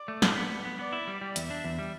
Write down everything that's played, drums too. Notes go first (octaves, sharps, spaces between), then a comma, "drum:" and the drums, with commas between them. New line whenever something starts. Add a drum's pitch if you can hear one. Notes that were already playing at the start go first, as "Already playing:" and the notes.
Already playing: D5
A3
A2, drum: snare
B3
B3
B3
B3 D5
E4
G3
G3
E2 E5, drum: hi-hat
D4
E2
G3